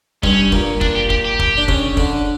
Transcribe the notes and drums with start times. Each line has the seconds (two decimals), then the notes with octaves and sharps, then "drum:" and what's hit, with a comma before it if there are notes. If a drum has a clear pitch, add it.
0.23 G2 G3 C#4, drum: kick
0.52 A#2 A#3, drum: kick
0.81 D4, drum: kick
0.96 G4
1.10 G4, drum: kick
1.25 G4
1.39 drum: kick
1.57 D4
1.68 C#3 C#4, drum: kick
1.97 D3 D4, drum: kick